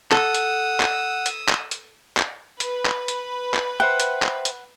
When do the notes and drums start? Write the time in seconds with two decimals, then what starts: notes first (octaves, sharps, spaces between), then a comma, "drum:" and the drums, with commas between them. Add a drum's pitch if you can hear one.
0.12 A4 F#5 D#6 E6, drum: clap
0.34 drum: hi-hat
0.80 drum: clap
1.26 drum: hi-hat
1.49 drum: clap
1.71 drum: hi-hat
2.17 drum: clap
2.60 B4, drum: hi-hat
2.85 drum: clap
3.08 drum: hi-hat
3.54 drum: clap
3.80 C5 E5 F#5 G5
4.00 drum: hi-hat
4.22 drum: clap
4.45 drum: hi-hat